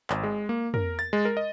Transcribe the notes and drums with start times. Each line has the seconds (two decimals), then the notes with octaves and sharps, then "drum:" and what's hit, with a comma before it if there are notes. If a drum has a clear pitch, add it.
0.10 G#1, drum: clap
0.23 G#3
0.49 A#3
0.74 A#4, drum: tom
0.99 A6
1.13 G#3
1.25 A#4
1.37 D#5